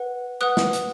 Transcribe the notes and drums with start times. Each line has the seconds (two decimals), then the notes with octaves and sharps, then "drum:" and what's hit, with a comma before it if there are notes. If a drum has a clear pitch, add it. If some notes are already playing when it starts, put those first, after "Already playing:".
Already playing: B4 F#5
0.41 B4 F#5 D#6 F#6
0.57 drum: snare
0.73 drum: hi-hat